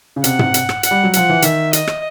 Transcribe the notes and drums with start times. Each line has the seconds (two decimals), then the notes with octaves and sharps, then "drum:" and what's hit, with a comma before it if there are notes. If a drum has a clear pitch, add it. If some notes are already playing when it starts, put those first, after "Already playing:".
0.16 C#3
0.24 C3 F#5, drum: hi-hat
0.39 drum: tom
0.54 drum: hi-hat
0.69 drum: rim click
0.83 F#5, drum: hi-hat
0.91 G3
1.04 F#3
1.13 F3 F#5, drum: hi-hat
1.29 E3
1.42 D#3 E5, drum: hi-hat
1.73 D#5, drum: hi-hat
1.87 drum: rim click